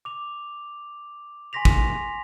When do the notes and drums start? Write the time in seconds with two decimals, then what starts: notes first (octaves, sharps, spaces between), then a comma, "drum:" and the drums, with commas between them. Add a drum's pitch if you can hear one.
0.05 D6 F7
1.53 G#5 C6 C#6 A#6 B6 F7
1.65 drum: kick A1